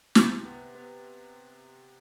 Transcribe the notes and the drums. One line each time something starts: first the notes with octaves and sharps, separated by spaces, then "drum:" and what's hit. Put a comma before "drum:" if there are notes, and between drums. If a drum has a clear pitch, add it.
C3, drum: snare
B3
B3